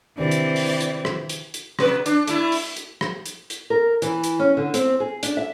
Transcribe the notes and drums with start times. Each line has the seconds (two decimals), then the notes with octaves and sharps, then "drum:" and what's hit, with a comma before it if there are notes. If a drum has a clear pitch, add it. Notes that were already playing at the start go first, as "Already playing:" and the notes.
0.18 C3 D#3 E3 C4 D4 D5
0.31 drum: hi-hat
0.56 drum: open hi-hat
0.80 drum: hi-hat
1.05 drum: rim click
1.29 drum: hi-hat
1.54 drum: hi-hat
1.79 C3 B4, drum: rim click
2.06 D4, drum: hi-hat
2.27 A3 E4, drum: hi-hat
2.52 drum: open hi-hat
2.77 drum: hi-hat
3.01 drum: rim click
3.26 drum: hi-hat
3.50 drum: hi-hat
3.70 A#4
4.02 E3, drum: hi-hat
4.24 drum: hi-hat
4.40 C#4
4.57 D3
4.74 C4, drum: hi-hat
5.00 G#4
5.23 D4, drum: hi-hat
5.37 E5